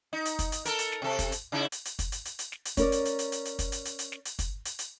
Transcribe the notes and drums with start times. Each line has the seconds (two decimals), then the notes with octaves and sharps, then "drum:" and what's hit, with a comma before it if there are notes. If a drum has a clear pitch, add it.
0.13 D#4
0.25 drum: hi-hat
0.39 drum: kick, hi-hat
0.52 drum: hi-hat
0.65 A4 A#4, drum: hi-hat
0.79 drum: hi-hat
0.92 drum: snare
1.02 C3 A4
1.19 drum: kick, hi-hat
1.32 drum: hi-hat
1.52 C#3 D#4 E4
1.72 drum: hi-hat
1.85 drum: hi-hat
1.99 drum: kick, hi-hat
2.12 drum: hi-hat
2.25 drum: hi-hat
2.39 drum: hi-hat
2.52 drum: snare
2.65 drum: hi-hat
2.77 C#4 A#4 D5, drum: kick, hi-hat
2.92 drum: hi-hat
3.05 drum: hi-hat
3.19 drum: hi-hat
3.32 drum: hi-hat
3.45 drum: hi-hat
3.59 drum: kick, hi-hat
3.72 drum: hi-hat
3.85 drum: hi-hat
3.99 drum: hi-hat
4.12 drum: snare
4.25 drum: hi-hat
4.39 drum: kick, hi-hat
4.65 drum: hi-hat
4.79 drum: hi-hat